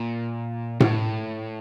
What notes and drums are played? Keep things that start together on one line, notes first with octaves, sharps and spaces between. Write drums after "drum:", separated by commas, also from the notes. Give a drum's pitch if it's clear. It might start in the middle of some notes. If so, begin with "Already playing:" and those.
Already playing: A#2
A2, drum: tom A2